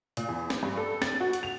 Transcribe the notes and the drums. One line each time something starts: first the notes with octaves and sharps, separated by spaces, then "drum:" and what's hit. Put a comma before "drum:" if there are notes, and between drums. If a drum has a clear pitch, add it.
A#2, drum: hi-hat
E2
drum: snare
G2
A4
A6, drum: snare
F#4
drum: hi-hat
F7